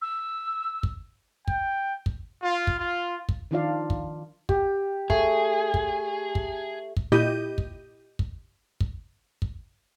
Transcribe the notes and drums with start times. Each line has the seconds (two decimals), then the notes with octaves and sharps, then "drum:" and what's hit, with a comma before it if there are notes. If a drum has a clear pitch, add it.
0.02 E6
0.83 drum: kick
1.48 G5, drum: kick
2.06 drum: kick
2.41 F4
2.67 drum: kick
2.78 F4
3.29 drum: kick
3.51 D#3 F3 D4 F4 D5 F5
3.90 drum: kick
4.49 G4, drum: kick
5.10 A3 G#4, drum: kick
5.74 drum: kick
6.35 drum: kick
6.97 drum: kick
7.12 A#2 E4 G4 D#5 G6 D#7
7.58 drum: kick
8.19 drum: kick
8.80 drum: kick
9.42 drum: kick